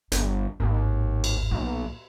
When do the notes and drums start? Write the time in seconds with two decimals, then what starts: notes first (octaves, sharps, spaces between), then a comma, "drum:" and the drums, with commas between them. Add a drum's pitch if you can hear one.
0.12 G1 D4, drum: hi-hat
0.60 G#1 D#2 A2
1.24 drum: cymbal
1.51 B1 A#2